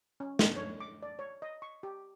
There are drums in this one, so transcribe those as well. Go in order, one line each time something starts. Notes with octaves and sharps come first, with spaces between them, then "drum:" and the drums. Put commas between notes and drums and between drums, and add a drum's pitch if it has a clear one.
C#4
D4, drum: snare
C#5
D6
D5
C#5
D#5
C#6
G4